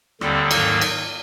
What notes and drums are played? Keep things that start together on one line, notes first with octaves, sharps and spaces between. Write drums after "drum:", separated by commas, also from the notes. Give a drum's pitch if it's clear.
D#2 D3 G3 C4 A4, drum: rim click
G#2 D#3 F#3 A#3, drum: cymbal
drum: cymbal